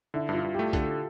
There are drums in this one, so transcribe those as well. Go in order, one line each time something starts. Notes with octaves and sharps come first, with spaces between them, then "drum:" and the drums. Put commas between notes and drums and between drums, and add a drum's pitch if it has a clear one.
D3 E4
G2 F4
G2
A3 G4
D3 A4, drum: kick B1, hi-hat